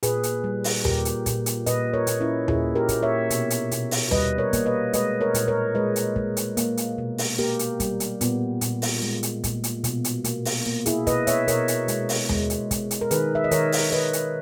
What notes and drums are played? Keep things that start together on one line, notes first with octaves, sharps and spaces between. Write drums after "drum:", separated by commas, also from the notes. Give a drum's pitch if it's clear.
A#2 G#4 B4, drum: hi-hat
drum: hi-hat
G3
drum: open hi-hat
A#2 G4 A#4, drum: tom D#2
drum: hi-hat
A#2, drum: kick, hi-hat
drum: hi-hat
A#2 B4 D#5, drum: hi-hat
A#4 C#5
A#2, drum: hi-hat
C#4 E4
A#2 E4 G#4, drum: tom D#2
G4 A#4
A#3, drum: kick, hi-hat
C#5 E5
B2, drum: hi-hat
drum: hi-hat
B2, drum: hi-hat
drum: open hi-hat
G3 B4 D#5, drum: tom D#2
A#4 C#5
A#3, drum: kick, hi-hat
B4 D#5
G#3 B4 D#5, drum: hi-hat
A#4 C#5
A#2, drum: hi-hat
A#4 C#5
G#3 B4 D#5
drum: hi-hat
G#3, drum: kick
drum: hi-hat
A#3, drum: hi-hat
drum: hi-hat
B2
drum: open hi-hat
A#3 G4 A#4
drum: hi-hat
G3, drum: kick, hi-hat
drum: hi-hat
A#2 B3, drum: hi-hat
A#2, drum: hi-hat
drum: open hi-hat
G#3
drum: hi-hat
A#2, drum: kick, hi-hat
drum: hi-hat
B2, drum: hi-hat
drum: hi-hat
A#3, drum: hi-hat
drum: open hi-hat
A#3
E4 G#4, drum: hi-hat
B2 B4 D#5, drum: kick, hi-hat
C#5 E5, drum: hi-hat
B2 A#4 C#5, drum: hi-hat
drum: hi-hat
G#3, drum: hi-hat
drum: open hi-hat
G#3, drum: tom D#2
drum: hi-hat
G#3, drum: kick, hi-hat
drum: hi-hat
A#4
D#3 G#4 B4, drum: hi-hat
E5
D#5
D#3 A#4 C#5, drum: hi-hat
drum: open hi-hat
D#3 B4 D#5
drum: hi-hat